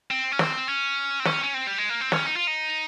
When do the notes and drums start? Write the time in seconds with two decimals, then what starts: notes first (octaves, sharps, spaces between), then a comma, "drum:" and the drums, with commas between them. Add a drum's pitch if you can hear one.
0.11 C4
0.32 C#4
0.39 C4, drum: snare
0.68 C#4
1.20 C4
1.25 C#4, drum: snare
1.44 C#4
1.54 C4
1.67 G3
1.78 G#3
1.89 A#3
2.01 C4
2.12 C#4, drum: snare
2.26 D#4
2.36 F4
2.47 D#4